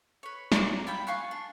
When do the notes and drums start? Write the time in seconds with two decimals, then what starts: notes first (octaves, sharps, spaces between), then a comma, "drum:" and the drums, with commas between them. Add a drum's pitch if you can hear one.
0.23 B4 C#5
0.52 D5 F#5 A#5 C6, drum: snare
0.87 E4 F4 G5 B5
1.07 F5 G#5 C#6 F#6
1.31 D4